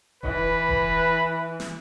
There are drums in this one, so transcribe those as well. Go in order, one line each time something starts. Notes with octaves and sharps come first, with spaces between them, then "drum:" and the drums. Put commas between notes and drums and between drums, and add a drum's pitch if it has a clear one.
E3 B4, drum: kick E1
drum: kick E1
drum: snare